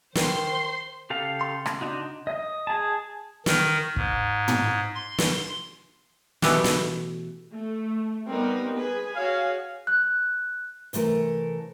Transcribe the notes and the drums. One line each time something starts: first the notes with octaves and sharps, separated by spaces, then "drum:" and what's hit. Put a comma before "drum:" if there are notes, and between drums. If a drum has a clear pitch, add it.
D#3 C5 C6, drum: snare
C#3 G4 A4 F5
C6
drum: rim click
D4 D#4 F#4
D#5
G#4 A5
D#3, drum: snare
G#2, drum: kick
drum: tom
C6
drum: snare
B2 E3 A3 B3 G4, drum: snare
drum: snare
A3
G3 B3 C4 D#4 A#4
G#4 B4 G#5
F#4 C#5 F5
F#6
C3 E3 A3 A4 A#4, drum: hi-hat